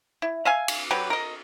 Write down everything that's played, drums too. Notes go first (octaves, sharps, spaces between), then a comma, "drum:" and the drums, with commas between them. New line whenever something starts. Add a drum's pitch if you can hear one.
E4
E5 F5 G#5
drum: cymbal
F#3 G4 B4
A#4 D#5